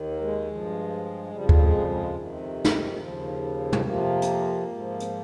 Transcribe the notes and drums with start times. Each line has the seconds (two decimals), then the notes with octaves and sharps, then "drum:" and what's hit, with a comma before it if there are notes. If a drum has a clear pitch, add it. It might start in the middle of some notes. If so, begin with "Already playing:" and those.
Already playing: D#2 D#3
0.11 A#3
0.20 G#3
0.48 G2 F3
1.31 F2 C#3 F3 G3
1.49 G3, drum: kick D2
1.59 G#3
1.78 G3
1.87 G#3
2.15 F2 C3 D#3
2.64 drum: snare
2.98 D#2 C#3 F3
3.72 G#3, drum: tom
3.81 F2 C3 F3 A#3
4.22 drum: hi-hat
4.65 G#2 F3
5.00 drum: hi-hat